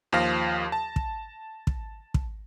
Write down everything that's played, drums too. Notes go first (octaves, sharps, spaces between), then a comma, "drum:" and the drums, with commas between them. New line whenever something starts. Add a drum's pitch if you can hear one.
D#2 F3 F5 A#6
A5
drum: kick
drum: kick
drum: kick